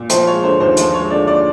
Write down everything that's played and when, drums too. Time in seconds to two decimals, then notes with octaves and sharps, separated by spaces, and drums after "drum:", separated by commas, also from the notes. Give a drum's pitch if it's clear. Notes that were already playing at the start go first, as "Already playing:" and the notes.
Already playing: A#2
0.10 F3 C5, drum: hi-hat
0.27 G#3 C#5
0.43 D3 C5
0.60 D#2 C5
0.77 F3 C5, drum: hi-hat
0.94 G#3 C#5
1.11 D3 D5
1.27 D5